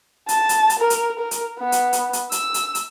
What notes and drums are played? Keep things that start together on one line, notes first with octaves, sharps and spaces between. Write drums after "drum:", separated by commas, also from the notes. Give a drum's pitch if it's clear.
A5, drum: hi-hat
drum: hi-hat
drum: hi-hat
A#4
drum: hi-hat
A#4
drum: hi-hat
B3
drum: hi-hat
drum: hi-hat
drum: hi-hat
E6, drum: hi-hat
drum: hi-hat
drum: hi-hat